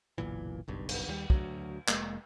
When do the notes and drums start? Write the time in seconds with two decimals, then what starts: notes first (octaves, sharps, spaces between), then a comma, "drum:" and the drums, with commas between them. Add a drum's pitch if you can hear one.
0.18 F#1 B1 A#2 E3
0.68 F#1 B1 G2
0.89 drum: cymbal
1.08 D#2 F#3 G3
1.30 D2 F#3, drum: kick
1.88 F1 G#3 A#3, drum: clap